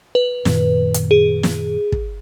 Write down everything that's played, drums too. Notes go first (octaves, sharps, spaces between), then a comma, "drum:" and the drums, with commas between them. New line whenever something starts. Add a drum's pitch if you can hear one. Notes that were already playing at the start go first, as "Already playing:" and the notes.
B4
F#2 A#2 D#3, drum: snare
drum: hi-hat
G#4
drum: snare
drum: kick